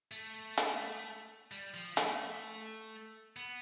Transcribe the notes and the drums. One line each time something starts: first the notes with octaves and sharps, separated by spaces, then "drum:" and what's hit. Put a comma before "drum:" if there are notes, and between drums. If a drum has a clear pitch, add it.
A3
drum: hi-hat
G3
F3
A3, drum: hi-hat
B3